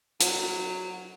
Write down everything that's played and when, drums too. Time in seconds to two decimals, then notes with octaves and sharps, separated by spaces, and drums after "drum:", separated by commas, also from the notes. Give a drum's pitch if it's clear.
0.20 F#3, drum: hi-hat